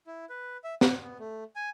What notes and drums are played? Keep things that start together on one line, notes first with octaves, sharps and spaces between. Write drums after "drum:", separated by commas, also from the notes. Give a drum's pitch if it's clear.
E4
B4
E5
F#5, drum: snare
B3
A3
G#5